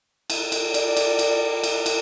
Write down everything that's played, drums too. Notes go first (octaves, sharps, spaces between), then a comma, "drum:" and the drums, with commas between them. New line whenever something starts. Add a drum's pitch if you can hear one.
drum: cymbal
drum: cymbal
D5, drum: cymbal
drum: cymbal
drum: cymbal
drum: cymbal
drum: cymbal